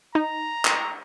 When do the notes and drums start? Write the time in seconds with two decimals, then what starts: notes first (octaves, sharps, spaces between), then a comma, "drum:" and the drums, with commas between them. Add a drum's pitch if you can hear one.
0.15 D#4 A#5
0.65 drum: clap